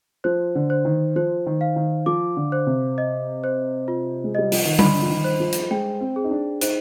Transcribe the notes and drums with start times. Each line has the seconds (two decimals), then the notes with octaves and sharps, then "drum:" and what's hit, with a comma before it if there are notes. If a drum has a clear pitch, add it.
0.24 F3 C5
0.55 D3
0.70 C5
0.85 D#3
1.16 F3 C5
1.46 D#3
1.61 F5
1.76 D#3
2.06 F3 D6
2.37 D3
2.52 C5
2.67 C3
2.98 D#5
3.44 C5
3.88 F4
4.24 G#3
4.35 G3 D#5
4.52 F3, drum: open hi-hat
4.65 D#3
4.79 D3 B5, drum: tom G3
5.02 F3
5.10 D#3
5.24 C5
5.40 F3
5.53 drum: hi-hat
5.71 G#3 G5
6.01 C4
6.16 G#4
6.24 D#4
6.31 D4
6.61 D#4 C5, drum: hi-hat